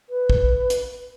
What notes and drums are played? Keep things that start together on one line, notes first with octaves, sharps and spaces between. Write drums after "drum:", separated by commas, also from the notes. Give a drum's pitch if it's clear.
B4
drum: kick
drum: hi-hat